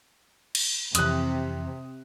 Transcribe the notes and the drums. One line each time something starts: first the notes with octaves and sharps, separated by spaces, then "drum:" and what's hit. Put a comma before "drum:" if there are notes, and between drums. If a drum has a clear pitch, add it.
drum: cymbal
F2 C3 E3 D#6 F#6, drum: hi-hat